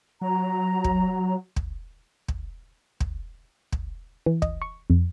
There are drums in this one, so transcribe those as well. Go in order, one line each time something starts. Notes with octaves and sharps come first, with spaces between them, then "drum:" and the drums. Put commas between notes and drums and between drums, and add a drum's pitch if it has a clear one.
F#3 A#5
drum: kick
drum: kick
drum: kick
drum: kick
drum: kick
E3
D#5, drum: kick
C#6
F2